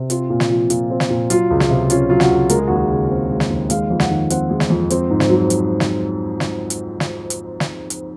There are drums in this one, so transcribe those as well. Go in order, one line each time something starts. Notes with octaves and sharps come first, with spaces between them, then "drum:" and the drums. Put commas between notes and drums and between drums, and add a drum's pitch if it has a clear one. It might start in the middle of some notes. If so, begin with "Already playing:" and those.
Already playing: C3
C4 F4, drum: hi-hat
A#2
drum: snare
F3
A#2, drum: hi-hat
C4
drum: snare
A#2
F#3 F4, drum: hi-hat
C#2
F4, drum: snare
C3
C#4 F4, drum: hi-hat
F#3 F4
F#4, drum: snare
C#2
G#3 A#4, drum: hi-hat
G#4
D#2 F#4
G#4
C#3
C4
G#3
drum: snare
D#2
G#3 F5, drum: hi-hat
F2
F#5, drum: snare
D#3
C4 F#5, drum: hi-hat
G#3
drum: snare
F2
C4, drum: hi-hat
G#2
drum: snare
F#3
drum: hi-hat
drum: snare
drum: snare
drum: hi-hat
drum: snare
drum: hi-hat
drum: snare
drum: hi-hat